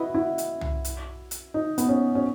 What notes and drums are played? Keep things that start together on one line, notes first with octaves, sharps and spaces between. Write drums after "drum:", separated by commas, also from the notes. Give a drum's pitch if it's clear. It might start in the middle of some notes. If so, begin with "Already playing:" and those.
Already playing: E4 F#4 B4 D#5
E4
drum: hi-hat
drum: tom C2
drum: hi-hat
drum: hi-hat
D#4
B3, drum: hi-hat
C#4
C#4